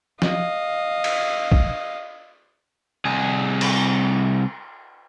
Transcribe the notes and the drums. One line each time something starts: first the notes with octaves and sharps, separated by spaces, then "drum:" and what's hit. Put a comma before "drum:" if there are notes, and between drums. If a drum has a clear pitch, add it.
D#5 F5, drum: snare
drum: cymbal
drum: kick
C2 G#4
drum: cymbal